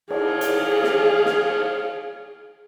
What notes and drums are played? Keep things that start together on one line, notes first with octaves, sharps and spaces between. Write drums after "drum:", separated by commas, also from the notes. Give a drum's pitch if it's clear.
G#4 F5, drum: cymbal
drum: hi-hat
drum: snare
drum: snare